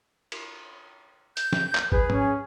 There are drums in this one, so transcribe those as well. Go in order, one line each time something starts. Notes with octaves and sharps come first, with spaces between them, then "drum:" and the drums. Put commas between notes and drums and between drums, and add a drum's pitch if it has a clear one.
drum: cymbal
G6, drum: hi-hat
drum: snare
drum: clap
G#4 B4, drum: kick
C#4, drum: tom G#2